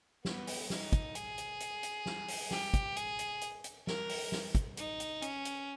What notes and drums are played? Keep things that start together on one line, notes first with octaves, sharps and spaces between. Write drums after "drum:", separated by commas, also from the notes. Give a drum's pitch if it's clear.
B3, drum: snare
drum: open hi-hat
D#4, drum: snare
drum: kick, hi-hat
G#4, drum: hi-hat
drum: hi-hat
drum: hi-hat
drum: hi-hat
drum: snare
drum: open hi-hat
G4, drum: snare
drum: kick, hi-hat
G#4, drum: hi-hat
drum: hi-hat
drum: hi-hat
drum: hi-hat
A#4, drum: snare
drum: open hi-hat
drum: snare
drum: kick, hi-hat
D#4, drum: hi-hat
drum: hi-hat
C#4, drum: hi-hat
drum: hi-hat